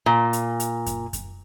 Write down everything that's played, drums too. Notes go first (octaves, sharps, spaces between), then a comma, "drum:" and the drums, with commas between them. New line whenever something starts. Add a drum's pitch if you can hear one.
A#2
drum: hi-hat
drum: hi-hat
drum: kick F#2, hi-hat
drum: kick F#2, hi-hat